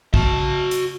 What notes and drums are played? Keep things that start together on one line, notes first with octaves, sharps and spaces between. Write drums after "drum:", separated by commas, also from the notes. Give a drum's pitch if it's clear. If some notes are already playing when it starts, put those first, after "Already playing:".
F#4 A5, drum: kick
drum: hi-hat